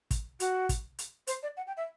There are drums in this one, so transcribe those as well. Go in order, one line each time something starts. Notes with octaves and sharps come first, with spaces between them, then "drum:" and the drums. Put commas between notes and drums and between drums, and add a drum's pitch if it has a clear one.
drum: kick, hi-hat
F#4, drum: hi-hat
drum: kick, hi-hat
drum: hi-hat
C5, drum: hi-hat
D5
F#5
G5
E5